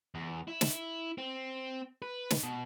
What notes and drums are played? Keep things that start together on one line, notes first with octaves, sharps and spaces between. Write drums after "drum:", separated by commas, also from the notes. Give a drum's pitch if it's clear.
E2
E4
drum: snare
C4
B4
drum: snare
B2